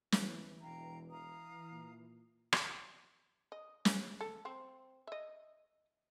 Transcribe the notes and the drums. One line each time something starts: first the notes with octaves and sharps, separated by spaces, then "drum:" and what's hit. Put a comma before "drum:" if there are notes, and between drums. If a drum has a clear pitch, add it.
E2 E3, drum: snare
E1 F5 G5 A#5
F5 A#5 D#6
A#2
drum: rim click
D#5
C#4, drum: snare
A4
C4 C5
D#5 E5